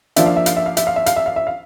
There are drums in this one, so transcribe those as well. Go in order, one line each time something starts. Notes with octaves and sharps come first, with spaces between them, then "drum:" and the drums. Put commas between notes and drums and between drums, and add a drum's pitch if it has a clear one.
F3 A#3 D4 E5, drum: hi-hat
F5
E5
F5, drum: hi-hat
E5
F5
E5, drum: hi-hat
F5
E5
F5, drum: hi-hat
E5
F5
E5
F5